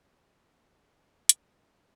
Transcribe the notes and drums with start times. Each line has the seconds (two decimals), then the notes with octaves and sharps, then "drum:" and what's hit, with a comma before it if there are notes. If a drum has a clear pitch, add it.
0.83 C3 G3 A3
1.29 A#1, drum: hi-hat
1.57 C#2